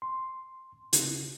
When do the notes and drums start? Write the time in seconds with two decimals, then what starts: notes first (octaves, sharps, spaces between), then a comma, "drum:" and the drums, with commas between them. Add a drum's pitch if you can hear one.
0.02 C6
0.93 C#3, drum: hi-hat